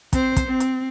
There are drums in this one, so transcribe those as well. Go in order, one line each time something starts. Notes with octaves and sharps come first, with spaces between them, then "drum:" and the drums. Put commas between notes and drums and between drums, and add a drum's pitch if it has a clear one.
C4 C5, drum: kick, hi-hat
drum: kick, hi-hat
C4
drum: hi-hat